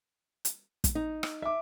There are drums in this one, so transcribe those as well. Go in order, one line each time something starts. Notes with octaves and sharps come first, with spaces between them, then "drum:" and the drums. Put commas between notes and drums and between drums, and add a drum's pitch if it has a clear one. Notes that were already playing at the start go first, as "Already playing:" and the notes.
drum: hi-hat
drum: kick, hi-hat
D#4
drum: rim click
E5 D6